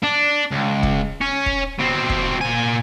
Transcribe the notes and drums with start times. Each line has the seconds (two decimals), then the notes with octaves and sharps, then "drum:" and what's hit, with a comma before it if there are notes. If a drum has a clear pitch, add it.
0.04 D4
0.51 C#2
0.83 drum: kick
1.21 C#4
1.46 drum: kick
1.79 B2 C4
2.09 drum: kick
2.41 A#2 G#5